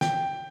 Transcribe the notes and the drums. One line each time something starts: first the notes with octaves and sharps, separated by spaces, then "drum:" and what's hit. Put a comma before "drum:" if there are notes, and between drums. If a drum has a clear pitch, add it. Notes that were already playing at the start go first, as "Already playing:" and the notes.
G5, drum: snare